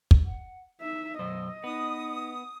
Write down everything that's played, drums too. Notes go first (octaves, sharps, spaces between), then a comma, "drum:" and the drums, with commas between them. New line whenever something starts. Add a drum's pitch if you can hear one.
drum: kick
F#5
D#4 E5
B1 F#2 C5 D#5 E6
B3 D#4 B4 D#6